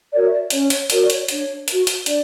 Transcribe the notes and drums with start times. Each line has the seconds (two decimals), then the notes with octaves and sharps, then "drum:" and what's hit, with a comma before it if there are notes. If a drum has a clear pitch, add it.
0.12 F#4 A#4 C#5 D5
0.26 E5
0.31 D5
0.50 C#4 C#5, drum: hi-hat
0.70 C#5, drum: hi-hat
0.90 F#4 A#4 C#5 D5, drum: hi-hat
1.00 D5
1.10 C#5, drum: hi-hat
1.28 D4 C#5, drum: hi-hat
1.68 F#4 A#4, drum: hi-hat
1.87 drum: hi-hat
2.06 D4 D5, drum: hi-hat